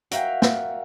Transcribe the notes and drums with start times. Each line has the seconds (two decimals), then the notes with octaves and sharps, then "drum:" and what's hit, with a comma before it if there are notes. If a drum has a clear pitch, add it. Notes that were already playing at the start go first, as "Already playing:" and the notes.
0.11 F#4 A#4 E5 F5 G5, drum: hi-hat
0.42 drum: snare